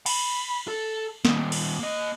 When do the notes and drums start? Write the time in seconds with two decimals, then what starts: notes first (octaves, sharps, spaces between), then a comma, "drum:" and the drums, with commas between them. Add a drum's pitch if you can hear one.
0.06 B5, drum: cymbal
0.68 A4
1.25 D#3 G3, drum: snare
1.52 drum: cymbal
1.79 A#3 D#5